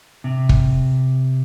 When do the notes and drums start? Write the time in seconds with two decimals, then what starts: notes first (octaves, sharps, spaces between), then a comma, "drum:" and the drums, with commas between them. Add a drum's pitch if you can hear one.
0.24 C3
0.49 drum: kick